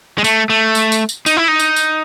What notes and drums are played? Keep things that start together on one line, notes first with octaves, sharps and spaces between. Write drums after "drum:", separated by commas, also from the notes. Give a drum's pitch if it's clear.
G#3
A3, drum: tambourine
A3
drum: tambourine
drum: tambourine
drum: tambourine
D#4, drum: tambourine
E4
D#4
drum: tambourine
drum: tambourine